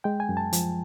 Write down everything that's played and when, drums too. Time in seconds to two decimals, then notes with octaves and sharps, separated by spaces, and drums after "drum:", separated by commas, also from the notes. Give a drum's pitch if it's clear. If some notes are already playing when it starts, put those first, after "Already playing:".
0.04 G#3 G5
0.20 G#5
0.29 F#2
0.37 A5
0.53 F3, drum: hi-hat